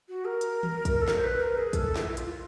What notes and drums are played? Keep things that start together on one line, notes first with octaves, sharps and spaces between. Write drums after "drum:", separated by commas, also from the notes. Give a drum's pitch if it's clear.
F#4
A#4
drum: hi-hat
drum: tom D#3
drum: kick, hi-hat
A4
A#4, drum: snare
C5
B4
A#4
G#4
A4, drum: kick, hi-hat
E4, drum: snare
F4, drum: hi-hat